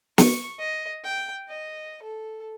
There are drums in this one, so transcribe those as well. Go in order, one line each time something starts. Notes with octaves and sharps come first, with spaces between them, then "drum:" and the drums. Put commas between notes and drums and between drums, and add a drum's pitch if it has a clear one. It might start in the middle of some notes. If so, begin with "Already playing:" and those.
C#6, drum: snare
D#5
G5
D#5
A4